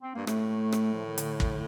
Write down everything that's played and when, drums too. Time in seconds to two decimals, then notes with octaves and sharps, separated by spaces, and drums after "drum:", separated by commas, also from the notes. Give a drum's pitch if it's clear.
0.02 C4
0.15 G2 A#3
0.27 A2 A3, drum: rim click
0.72 drum: rim click
0.93 F3
1.06 D#3
1.18 D3, drum: hi-hat
1.40 drum: kick